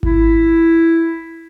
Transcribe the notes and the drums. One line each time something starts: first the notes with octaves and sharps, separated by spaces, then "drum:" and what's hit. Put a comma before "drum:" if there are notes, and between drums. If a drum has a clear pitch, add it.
E4, drum: kick G#1